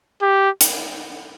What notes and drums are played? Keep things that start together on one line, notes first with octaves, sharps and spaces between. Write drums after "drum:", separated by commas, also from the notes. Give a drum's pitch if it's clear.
G4
drum: hi-hat